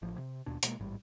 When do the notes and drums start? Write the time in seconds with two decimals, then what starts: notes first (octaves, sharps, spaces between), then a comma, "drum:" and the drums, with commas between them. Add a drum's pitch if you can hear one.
0.02 A1 F3
0.18 C3
0.46 D#2 B2 D4
0.63 B2 G3 G#3 A#3, drum: hi-hat
0.79 A1 G#2 G3